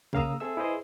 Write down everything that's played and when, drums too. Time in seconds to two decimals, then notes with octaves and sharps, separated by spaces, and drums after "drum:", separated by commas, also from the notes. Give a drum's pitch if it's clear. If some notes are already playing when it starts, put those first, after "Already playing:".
0.13 C#3 A#3 F5 A#5 D#6 E6, drum: kick
0.40 C4 G#4 A4 E5 E6
0.57 E4 G#4 B4 C5 D#5